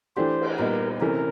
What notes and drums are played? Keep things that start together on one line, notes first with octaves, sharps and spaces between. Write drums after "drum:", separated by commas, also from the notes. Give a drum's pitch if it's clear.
E3 A3 D4 G4 C5
drum: cymbal
A#2 G3 B3 D#4 A#4
C3 E3 A3 C#4 A#4